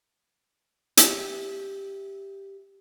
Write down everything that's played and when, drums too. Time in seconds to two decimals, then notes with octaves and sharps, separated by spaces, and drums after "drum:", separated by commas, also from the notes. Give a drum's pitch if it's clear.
0.97 G4 E5, drum: hi-hat